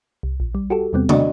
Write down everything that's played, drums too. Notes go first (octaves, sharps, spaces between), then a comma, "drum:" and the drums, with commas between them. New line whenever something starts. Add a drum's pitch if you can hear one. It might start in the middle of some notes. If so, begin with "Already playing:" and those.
C2
A#1
G3
F#4 G4 A4
E2 C3 G3 B3 C4
D4 F#4 D5 D#5, drum: tom C3